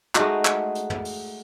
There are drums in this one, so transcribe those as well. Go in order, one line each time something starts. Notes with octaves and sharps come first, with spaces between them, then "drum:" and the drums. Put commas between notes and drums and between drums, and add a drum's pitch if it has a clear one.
G#3 A3 D#4 F#4, drum: clap
drum: clap
drum: hi-hat
drum: tom
drum: open hi-hat